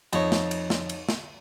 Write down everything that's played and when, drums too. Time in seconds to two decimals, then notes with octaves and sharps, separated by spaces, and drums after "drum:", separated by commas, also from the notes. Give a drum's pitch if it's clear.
0.13 F2 D#4 C#5, drum: cymbal
0.32 drum: snare
0.51 drum: cymbal
0.70 drum: snare
0.89 drum: cymbal
1.09 drum: snare